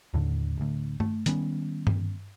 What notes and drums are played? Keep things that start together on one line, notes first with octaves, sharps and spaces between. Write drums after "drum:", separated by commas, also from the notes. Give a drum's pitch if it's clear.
D#2 A2 D3
D1 D2
A3, drum: tom G2
D#3 G3 B3 C#4, drum: hi-hat
drum: tom G2